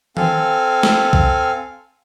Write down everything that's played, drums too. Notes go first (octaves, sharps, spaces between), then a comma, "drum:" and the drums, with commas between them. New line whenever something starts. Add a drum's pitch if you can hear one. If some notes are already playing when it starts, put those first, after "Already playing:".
C4 A4 F5 G#5, drum: tom D#3
drum: snare
drum: kick B1